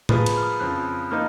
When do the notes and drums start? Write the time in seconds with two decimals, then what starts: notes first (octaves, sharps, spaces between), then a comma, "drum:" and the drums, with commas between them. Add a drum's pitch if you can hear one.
0.09 F3 A#3 F4 G#4 B4 B5, drum: tom A2
0.26 B5, drum: cymbal
0.38 F6
0.43 D#6
0.60 F2 C#3 F3 F#6
1.11 F3 A#3 D#4 F6